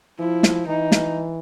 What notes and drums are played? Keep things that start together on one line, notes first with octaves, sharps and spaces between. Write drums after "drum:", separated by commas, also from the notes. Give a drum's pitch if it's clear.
F3 E4
drum: snare
E3 D#4
drum: snare